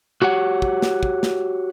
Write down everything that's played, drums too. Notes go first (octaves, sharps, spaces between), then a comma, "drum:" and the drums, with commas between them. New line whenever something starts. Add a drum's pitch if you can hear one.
F#4 G4 C#5 F#5
drum: kick
drum: snare
drum: kick
drum: snare